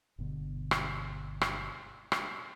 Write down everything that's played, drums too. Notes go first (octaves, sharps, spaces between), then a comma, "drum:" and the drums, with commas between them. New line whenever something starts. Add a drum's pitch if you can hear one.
G1 B2 D3
drum: rim click
drum: rim click
drum: rim click